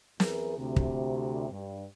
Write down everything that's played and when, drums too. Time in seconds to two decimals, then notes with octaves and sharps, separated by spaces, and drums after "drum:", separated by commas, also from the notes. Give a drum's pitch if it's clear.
0.20 E2 E3 G#4 A#4, drum: snare
0.58 D2 C3
0.76 drum: kick
1.50 G2